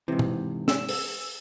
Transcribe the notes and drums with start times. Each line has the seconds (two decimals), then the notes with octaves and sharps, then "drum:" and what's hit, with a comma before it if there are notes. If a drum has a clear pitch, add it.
0.08 G#2 C3 E3
0.19 drum: tom
0.68 E6, drum: snare
0.89 drum: open hi-hat